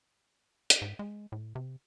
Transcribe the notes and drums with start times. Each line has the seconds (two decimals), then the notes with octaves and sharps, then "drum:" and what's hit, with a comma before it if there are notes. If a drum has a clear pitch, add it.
0.70 drum: hi-hat
0.82 G#2
0.99 G#3
1.32 A2
1.55 C3